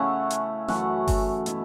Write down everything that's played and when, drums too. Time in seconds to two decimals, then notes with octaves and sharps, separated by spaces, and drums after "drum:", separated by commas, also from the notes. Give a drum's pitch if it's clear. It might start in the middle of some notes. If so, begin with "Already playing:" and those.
Already playing: C#3 A3 C#4 E4 F#5
0.30 drum: hi-hat
0.68 F#2 E3 A3 C#4 F#5, drum: snare
1.08 drum: kick G1, open hi-hat
1.46 B2 B3 E4, drum: hi-hat